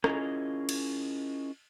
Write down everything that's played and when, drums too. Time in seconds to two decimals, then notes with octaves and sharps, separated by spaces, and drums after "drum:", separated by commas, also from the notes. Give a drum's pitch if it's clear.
0.04 C#4 E4 F4 G#4 A#4 D#5, drum: rim click
0.69 drum: cymbal